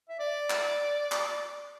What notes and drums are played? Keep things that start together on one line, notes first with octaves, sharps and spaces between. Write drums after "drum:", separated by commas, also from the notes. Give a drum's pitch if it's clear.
E5
D5
drum: clap
drum: clap